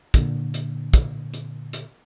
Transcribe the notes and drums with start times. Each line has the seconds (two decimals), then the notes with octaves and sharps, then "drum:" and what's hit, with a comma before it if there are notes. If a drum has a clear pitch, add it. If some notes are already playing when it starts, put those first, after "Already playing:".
0.14 A#2 D3, drum: kick, hi-hat
0.54 drum: hi-hat
0.94 drum: kick, hi-hat
1.33 drum: hi-hat
1.73 drum: hi-hat